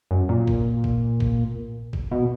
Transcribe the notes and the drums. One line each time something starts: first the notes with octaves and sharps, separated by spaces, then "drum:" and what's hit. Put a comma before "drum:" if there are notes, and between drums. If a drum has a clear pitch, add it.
F#2
A#2
drum: kick
drum: kick
drum: kick
drum: kick
B2